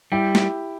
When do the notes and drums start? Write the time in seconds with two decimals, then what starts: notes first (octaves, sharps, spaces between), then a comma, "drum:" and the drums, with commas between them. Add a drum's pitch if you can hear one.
0.12 G3 E4 G4
0.35 drum: snare